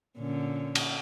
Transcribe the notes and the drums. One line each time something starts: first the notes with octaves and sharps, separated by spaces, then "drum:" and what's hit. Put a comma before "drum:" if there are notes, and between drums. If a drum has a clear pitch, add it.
A#2 D3 C#4
drum: cymbal